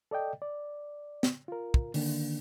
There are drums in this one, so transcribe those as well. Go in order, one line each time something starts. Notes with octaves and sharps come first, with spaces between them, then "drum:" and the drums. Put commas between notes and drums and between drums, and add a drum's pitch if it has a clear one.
A4 D5 D#5 G5
D5
drum: snare
F4 A#4
drum: kick
D3 D#3 A#3 D4, drum: open hi-hat